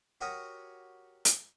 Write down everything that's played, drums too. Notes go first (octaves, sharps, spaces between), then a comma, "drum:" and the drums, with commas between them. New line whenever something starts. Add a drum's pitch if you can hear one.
F#4 G4 A#4 C#5 F#5 D#6
drum: hi-hat